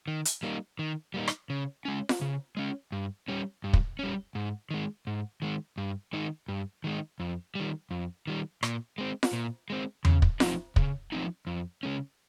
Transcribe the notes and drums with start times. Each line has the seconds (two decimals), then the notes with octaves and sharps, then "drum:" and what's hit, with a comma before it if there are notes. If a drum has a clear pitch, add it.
0.08 D#3
0.25 drum: hi-hat
0.43 G3 A#3 D#4
0.79 D#3
1.14 G3 A#3 D#4
1.28 drum: rim click
1.50 C#3
1.85 G#3 C#4
2.09 drum: snare F4
2.21 C#3
2.57 G#3 C#4
2.92 G2
3.28 G3 C#4
3.64 G2
3.73 drum: kick
3.99 G3 C#4
4.35 G#2
4.71 D#3 G#3
5.07 G#2
5.42 D#3 G#3
5.78 G2
6.13 D#3 G#3 D#4
6.48 G2
6.84 D#3 G#3 D#4
7.20 F2
7.55 D#3 G3
7.91 F2
8.27 D#3 G3
8.63 A#2, drum: rim click
8.98 G#3 C4
9.23 drum: snare F4
9.33 A#2
9.70 G#3 C4
10.05 C#3, drum: tom E2
10.22 drum: kick
10.40 F3 C4 D#4, drum: snare F4
10.76 C#3, drum: kick
11.12 F3 C4 D#4
11.47 F2
11.83 C#3 G#3 C#4